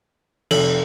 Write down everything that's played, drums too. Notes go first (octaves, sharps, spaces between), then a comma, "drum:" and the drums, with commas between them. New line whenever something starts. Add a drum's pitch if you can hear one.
F1 A4, drum: cymbal